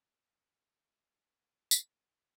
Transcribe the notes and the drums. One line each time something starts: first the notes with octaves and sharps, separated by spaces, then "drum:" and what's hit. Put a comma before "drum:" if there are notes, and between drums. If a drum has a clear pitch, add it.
A3 A#3 C#4 F#4 G#4
drum: tambourine